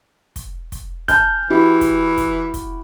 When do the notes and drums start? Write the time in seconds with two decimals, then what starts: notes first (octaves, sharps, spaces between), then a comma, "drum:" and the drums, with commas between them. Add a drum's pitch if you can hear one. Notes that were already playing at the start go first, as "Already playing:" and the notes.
0.36 drum: kick, hi-hat
0.72 drum: kick, hi-hat
1.08 G#5 A5 F6 G6, drum: kick, hi-hat
1.50 E3 E4 F#4 G4
1.81 drum: kick, hi-hat
2.17 drum: kick, hi-hat
2.54 drum: kick, hi-hat